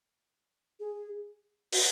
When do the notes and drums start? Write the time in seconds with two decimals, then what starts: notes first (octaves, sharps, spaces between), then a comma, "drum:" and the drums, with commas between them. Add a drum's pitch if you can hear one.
0.80 G#4
1.73 F#4, drum: open hi-hat